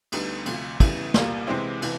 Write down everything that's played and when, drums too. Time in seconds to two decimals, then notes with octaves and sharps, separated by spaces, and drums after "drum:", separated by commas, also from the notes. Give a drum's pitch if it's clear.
0.12 D2 D3 G3 B3 D#4, drum: cymbal
0.46 D2 C3 F3, drum: cymbal
0.80 C#3 E3 G3 B3 E4, drum: kick, cymbal
1.14 C2 A#2 G3 A#3, drum: snare
1.47 C3 E3 G#3 C4 E4
1.82 C3 E3, drum: cymbal